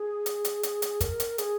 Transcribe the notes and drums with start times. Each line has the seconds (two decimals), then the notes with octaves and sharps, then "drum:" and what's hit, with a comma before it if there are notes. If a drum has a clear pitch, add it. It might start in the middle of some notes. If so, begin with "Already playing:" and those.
Already playing: G#4
0.26 drum: hi-hat
0.45 drum: hi-hat
0.63 drum: hi-hat
0.82 drum: hi-hat
1.01 A#4, drum: kick, hi-hat
1.20 drum: hi-hat
1.38 G#4, drum: hi-hat